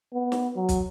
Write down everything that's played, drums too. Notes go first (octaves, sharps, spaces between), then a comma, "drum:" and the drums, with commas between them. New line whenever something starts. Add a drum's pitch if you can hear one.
B3
drum: snare
F#3
drum: kick, hi-hat